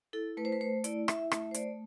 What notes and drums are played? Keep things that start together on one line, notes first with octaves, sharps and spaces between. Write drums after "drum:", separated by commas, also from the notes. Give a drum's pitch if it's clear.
E4 A4
A3 B4
C5
B4
A3 C5
E4 D5, drum: hi-hat
E4 E5, drum: rim click
A3 E5, drum: rim click
C5
A3 D5, drum: hi-hat